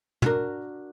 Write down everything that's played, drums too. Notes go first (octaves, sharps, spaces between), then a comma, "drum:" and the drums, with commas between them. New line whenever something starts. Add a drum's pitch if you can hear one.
D4 F#4 A#4, drum: tom